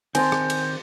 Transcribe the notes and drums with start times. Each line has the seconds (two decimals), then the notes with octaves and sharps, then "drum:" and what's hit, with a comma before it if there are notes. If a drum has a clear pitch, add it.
0.15 D#3 C4 D#5 G#5 A5 C6 G6, drum: cymbal
0.32 drum: rim click
0.50 drum: cymbal